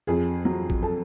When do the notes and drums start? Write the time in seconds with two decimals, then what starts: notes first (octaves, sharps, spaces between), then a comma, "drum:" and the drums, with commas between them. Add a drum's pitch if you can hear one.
0.07 F2 G#4
0.45 F#3
0.70 drum: kick A1
0.82 A4